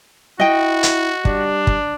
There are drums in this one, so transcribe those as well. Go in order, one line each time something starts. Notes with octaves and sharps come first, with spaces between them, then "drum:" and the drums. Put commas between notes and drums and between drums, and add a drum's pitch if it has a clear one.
E4 F#4 D#5 G5
drum: hi-hat
G3 D4, drum: kick
drum: kick